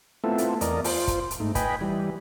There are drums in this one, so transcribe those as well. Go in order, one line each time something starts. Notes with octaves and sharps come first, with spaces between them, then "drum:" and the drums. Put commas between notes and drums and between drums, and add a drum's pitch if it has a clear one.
A3 B3 C4 E4 F4 A4
drum: hi-hat
E2 A#4 D5 D#5, drum: hi-hat
F4 C5, drum: open hi-hat
drum: kick, hi-hat
drum: hi-hat
G#2 A3 D#4
B4 D#5 G5 G#5 B5, drum: kick, hi-hat
E3 G3